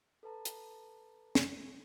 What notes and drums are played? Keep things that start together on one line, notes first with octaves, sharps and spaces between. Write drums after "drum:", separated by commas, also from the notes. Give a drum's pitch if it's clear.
A4 B4 A5 A#5
drum: hi-hat
drum: snare